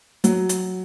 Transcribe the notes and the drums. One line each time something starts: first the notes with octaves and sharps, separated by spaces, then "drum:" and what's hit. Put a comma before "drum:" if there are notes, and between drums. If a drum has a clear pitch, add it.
F#3, drum: hi-hat
drum: hi-hat